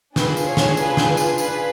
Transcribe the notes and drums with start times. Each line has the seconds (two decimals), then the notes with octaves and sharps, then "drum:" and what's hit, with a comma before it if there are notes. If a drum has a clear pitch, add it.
0.16 D4 F4 G#4 B4, drum: snare
0.37 drum: tambourine
0.47 C#5
0.57 drum: snare
0.77 B4, drum: tambourine
0.97 drum: snare
1.17 drum: tambourine
1.38 B4, drum: tambourine